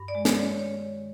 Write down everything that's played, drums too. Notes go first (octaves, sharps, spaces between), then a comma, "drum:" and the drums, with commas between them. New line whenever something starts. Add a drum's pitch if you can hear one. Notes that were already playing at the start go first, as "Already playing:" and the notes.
Already playing: G2
D5
G#3
C#5, drum: snare
G#3 C#5
D#3 C#5